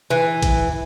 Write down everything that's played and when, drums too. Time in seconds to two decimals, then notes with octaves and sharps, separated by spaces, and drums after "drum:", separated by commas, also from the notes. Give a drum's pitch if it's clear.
0.10 E3
0.42 drum: kick G#1, hi-hat